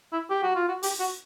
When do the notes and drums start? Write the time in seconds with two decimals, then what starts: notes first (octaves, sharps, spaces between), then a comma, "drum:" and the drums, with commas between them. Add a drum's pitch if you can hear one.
0.13 E4
0.30 G4
0.43 F#4
0.55 F4
0.68 F#4
0.83 G4, drum: open hi-hat
1.00 F#4